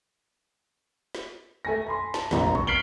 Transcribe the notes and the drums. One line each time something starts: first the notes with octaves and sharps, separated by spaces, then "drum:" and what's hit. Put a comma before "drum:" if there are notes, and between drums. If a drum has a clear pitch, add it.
drum: snare
A3 G#5 A#6
G#5 B5 C6
A5, drum: snare
F1 A#1 A#5, drum: snare
C#6, drum: kick A#1
F6 B6 C7 D7 F#7 G7